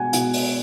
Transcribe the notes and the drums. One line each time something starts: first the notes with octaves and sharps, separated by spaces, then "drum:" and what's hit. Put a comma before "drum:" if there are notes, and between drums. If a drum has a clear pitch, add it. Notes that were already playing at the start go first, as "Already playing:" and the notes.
Already playing: B2 G#3 F#5 G#5
B2, drum: hi-hat
drum: open hi-hat